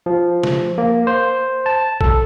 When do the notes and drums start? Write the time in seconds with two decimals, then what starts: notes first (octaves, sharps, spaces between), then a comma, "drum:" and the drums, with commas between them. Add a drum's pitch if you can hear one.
0.06 F3
0.43 drum: snare
0.78 A#3
1.07 C5
1.66 A5
2.01 A4, drum: kick